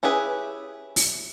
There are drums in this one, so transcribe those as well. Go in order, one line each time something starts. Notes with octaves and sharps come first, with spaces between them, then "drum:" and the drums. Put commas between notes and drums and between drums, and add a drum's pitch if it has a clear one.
C#4 E4 G4 G#4 B4
drum: open hi-hat